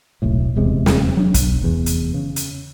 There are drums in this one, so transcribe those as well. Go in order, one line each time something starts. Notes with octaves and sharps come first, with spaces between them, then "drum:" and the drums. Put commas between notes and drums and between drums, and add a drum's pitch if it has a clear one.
D#1 B1 A2
D#1 E2 C3 G#3
drum: snare
F#3 D4
B1, drum: kick, hi-hat
F1 E2
drum: hi-hat
C#3
drum: hi-hat